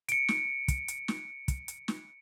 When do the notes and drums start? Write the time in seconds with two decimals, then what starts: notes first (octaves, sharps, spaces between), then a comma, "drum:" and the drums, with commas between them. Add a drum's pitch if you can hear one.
0.09 C#7 D7, drum: hi-hat
0.28 drum: snare
0.68 drum: kick, hi-hat
0.88 drum: hi-hat
1.08 drum: snare
1.48 drum: kick, hi-hat
1.68 drum: hi-hat
1.88 drum: snare